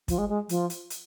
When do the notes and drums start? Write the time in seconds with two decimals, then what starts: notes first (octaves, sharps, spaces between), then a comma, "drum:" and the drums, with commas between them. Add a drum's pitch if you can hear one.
0.08 F3, drum: kick, hi-hat
0.18 G#3
0.29 G#3
0.49 F3, drum: hi-hat
0.70 drum: hi-hat
0.90 drum: hi-hat